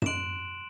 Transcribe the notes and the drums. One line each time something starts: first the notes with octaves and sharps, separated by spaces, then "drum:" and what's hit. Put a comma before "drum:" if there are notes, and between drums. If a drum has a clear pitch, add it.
E7, drum: tom F#2
C6 F#6 D7 F#7